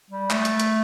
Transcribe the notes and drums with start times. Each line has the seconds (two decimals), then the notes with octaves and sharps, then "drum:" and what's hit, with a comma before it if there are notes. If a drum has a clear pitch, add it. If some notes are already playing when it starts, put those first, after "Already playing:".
0.11 G3
0.30 A3, drum: clap
0.45 drum: hi-hat
0.60 drum: hi-hat